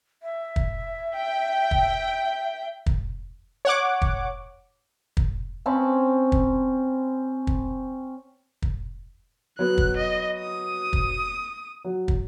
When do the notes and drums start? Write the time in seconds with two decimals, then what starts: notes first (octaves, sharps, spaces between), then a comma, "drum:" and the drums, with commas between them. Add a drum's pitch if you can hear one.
0.23 E5
0.56 drum: kick
1.16 G5
1.71 drum: kick
2.86 drum: kick
3.65 C#5 F#5 D6
4.02 drum: kick
5.17 drum: kick
5.66 C4 C#4 A5 B5
6.32 drum: kick
7.47 drum: kick
8.62 drum: kick
9.59 F#3 B3 F#6
9.78 drum: kick
9.97 D#5
10.39 D#6
10.93 drum: kick
11.85 F#3
12.08 drum: kick